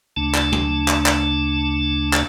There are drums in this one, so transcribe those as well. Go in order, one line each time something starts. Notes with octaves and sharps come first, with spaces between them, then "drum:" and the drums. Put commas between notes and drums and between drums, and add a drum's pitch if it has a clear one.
D2 C#3 A3 D4 A5
drum: clap
drum: tom
drum: clap
drum: clap
drum: clap